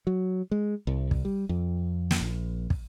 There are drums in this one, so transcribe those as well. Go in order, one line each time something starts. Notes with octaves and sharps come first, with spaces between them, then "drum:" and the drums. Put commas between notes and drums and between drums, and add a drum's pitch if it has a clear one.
F#3
G#3
C2
drum: kick
G3
F2
drum: snare
A#1
drum: kick